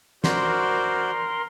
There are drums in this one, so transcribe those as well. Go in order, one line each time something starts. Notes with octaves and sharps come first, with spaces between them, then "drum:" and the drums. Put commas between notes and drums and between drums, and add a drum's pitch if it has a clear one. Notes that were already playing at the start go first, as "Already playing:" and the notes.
F#4 A#4 C5 D5 C6, drum: snare